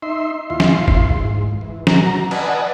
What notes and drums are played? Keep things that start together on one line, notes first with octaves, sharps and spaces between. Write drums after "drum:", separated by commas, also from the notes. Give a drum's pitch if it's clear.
D#4 E5 C6
D#2 E4 F4 C6
drum: snare
drum: kick
G#2
E3
F#3 A#5, drum: snare
B4 D5 D#5 F#5 G#5 A5, drum: cymbal